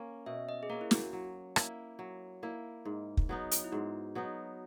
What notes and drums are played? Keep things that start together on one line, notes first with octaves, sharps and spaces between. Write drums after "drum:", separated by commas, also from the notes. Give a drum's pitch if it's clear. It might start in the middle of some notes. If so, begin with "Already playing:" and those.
Already playing: A#3 C#4
B2 E5
D#5
G#4
A#3 C#4 A#4
E4
F#4, drum: snare
F#3
A#3 E4, drum: rim click
F#3
A#3 E4
G#2
drum: kick
F#3 B3 D#4
drum: hi-hat
E4
G#2 F#4
F#3 B3 D#4